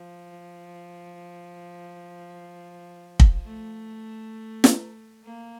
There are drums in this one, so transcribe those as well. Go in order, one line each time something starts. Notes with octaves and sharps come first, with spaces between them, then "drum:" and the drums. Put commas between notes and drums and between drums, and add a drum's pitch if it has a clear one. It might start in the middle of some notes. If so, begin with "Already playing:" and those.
Already playing: F3
drum: kick
A3
drum: snare
A#3